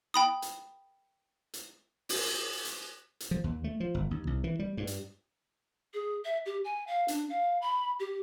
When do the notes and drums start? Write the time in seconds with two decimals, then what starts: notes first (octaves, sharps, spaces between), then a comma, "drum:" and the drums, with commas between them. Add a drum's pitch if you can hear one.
0.14 G5 B5 D#6
0.42 drum: hi-hat
1.54 drum: hi-hat
2.09 drum: open hi-hat
2.65 drum: hi-hat
3.20 drum: hi-hat
3.31 F3
3.44 D#2
3.64 A3
3.80 F3
3.94 G1
4.11 D#2
4.27 C2
4.44 E3
4.59 G3
4.77 G2
4.87 drum: hi-hat
5.94 G#4
6.25 E5
6.46 G4
6.65 G#5
6.87 F5
7.08 D4, drum: hi-hat
7.30 F5
7.62 B5
8.00 G4